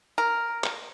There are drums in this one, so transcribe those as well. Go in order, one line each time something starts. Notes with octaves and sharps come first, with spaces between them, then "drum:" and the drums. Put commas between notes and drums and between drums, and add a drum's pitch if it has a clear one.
A#4
drum: clap